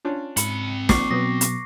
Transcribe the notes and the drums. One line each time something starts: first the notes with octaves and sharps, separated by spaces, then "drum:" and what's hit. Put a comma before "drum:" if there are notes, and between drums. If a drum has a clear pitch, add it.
C#4 D4 F4
G#2 C4 B5 C#7, drum: hi-hat
F3 A#3 C#6 D6 C7, drum: snare
B2 F#3 B3 B4 D#6 A#6
drum: hi-hat